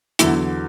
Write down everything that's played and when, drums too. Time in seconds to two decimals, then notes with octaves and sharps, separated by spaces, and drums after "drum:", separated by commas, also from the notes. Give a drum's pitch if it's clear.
0.19 E2 D3 F#3 E4, drum: hi-hat